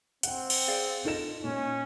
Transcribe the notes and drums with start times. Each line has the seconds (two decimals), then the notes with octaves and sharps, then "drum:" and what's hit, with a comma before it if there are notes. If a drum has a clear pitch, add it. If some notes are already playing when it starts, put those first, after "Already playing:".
0.23 C4 F#5 G5, drum: hi-hat
0.50 drum: cymbal
0.68 G#4 D5 F5
1.05 D#4 F4 A4 D#5 E7
1.44 A#2 C#4